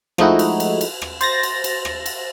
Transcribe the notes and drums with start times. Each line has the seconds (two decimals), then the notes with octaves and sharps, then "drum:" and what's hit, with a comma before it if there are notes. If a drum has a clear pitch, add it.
0.18 F3 G#3 A3 D#4 E4 F#4, drum: rim click
0.39 drum: cymbal
0.60 drum: cymbal
0.81 drum: cymbal
1.02 drum: rim click
1.21 C5 A6 A#6, drum: cymbal
1.43 drum: cymbal
1.64 drum: cymbal
1.85 drum: rim click
2.06 drum: cymbal